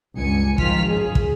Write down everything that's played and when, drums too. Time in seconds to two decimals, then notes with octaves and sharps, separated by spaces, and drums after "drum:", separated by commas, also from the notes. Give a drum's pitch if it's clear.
0.16 C#2 G2 G#5 C#7
0.58 G#1 D#3 F3 F4 F6 B6, drum: kick
0.88 F#2 G#4
1.15 drum: kick